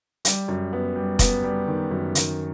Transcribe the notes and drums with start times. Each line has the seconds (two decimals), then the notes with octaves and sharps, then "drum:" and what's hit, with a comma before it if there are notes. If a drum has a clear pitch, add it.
0.25 G3, drum: hi-hat
0.48 F#2
0.73 B3
0.96 G3
1.19 B3, drum: kick F1, hi-hat
1.44 G3
1.67 D#3
1.91 F#2
2.15 D#3, drum: hi-hat